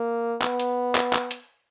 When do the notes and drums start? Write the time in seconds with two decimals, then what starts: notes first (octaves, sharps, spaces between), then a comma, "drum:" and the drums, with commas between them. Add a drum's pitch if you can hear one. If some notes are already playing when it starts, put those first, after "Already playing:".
Already playing: A#3
0.42 B3, drum: clap
0.60 drum: hi-hat
0.95 drum: clap
1.13 drum: clap
1.31 drum: hi-hat